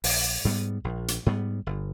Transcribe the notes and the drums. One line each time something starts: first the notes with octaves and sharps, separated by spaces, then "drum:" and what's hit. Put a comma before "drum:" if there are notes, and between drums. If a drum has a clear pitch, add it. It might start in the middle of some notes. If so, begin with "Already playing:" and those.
A#1, drum: open hi-hat
G#2 G3 B3
A#1
drum: hi-hat
G#2 G3 B3
G1